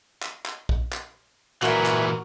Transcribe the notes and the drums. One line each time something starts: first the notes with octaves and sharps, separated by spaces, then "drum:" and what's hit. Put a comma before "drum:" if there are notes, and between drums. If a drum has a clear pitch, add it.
drum: clap
drum: clap
drum: kick
drum: clap
A#2 E3 F#4 A#4 B4 E5 G#5 C#6, drum: clap
drum: clap